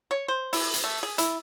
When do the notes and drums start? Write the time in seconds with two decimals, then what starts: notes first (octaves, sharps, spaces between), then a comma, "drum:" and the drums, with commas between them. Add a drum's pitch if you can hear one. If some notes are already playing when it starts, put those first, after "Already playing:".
0.11 C#5
0.28 C5
0.53 E4, drum: open hi-hat
0.74 drum: hi-hat
0.84 A3
1.03 G#4
1.18 E4, drum: hi-hat